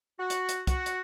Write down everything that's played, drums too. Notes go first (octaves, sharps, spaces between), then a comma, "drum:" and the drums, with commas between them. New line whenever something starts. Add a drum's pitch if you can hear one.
F#4
drum: hi-hat
drum: hi-hat
F#4, drum: kick, hi-hat
drum: hi-hat